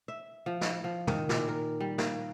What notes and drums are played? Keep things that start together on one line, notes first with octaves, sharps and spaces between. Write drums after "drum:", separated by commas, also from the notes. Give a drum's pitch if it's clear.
E5
F3
drum: snare
F3
D#3, drum: tom
A#2, drum: snare
A#4
G3
A#3, drum: snare